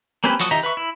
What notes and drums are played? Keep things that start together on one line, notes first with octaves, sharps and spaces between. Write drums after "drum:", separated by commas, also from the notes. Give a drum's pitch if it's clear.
A#3 C4 C#4 G4 B4
F3 F#3 F#4 D#6, drum: hi-hat
D#3 G4 D#5 E5 A#5
B4 E5 C#6
E4